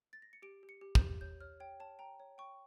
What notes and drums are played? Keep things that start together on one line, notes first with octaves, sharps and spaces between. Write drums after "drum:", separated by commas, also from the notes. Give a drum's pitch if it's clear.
A6
A#6
C#7
G4 D7
G4
C#7
G4
G6, drum: kick
G4
C#5 G6
C#5 F6
C#5 G5
C#5 A5
G5 A#5
C#5
G5 C#6